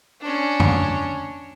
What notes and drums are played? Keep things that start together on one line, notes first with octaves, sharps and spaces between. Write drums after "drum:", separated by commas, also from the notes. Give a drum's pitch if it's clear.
C#4 D4
drum: tom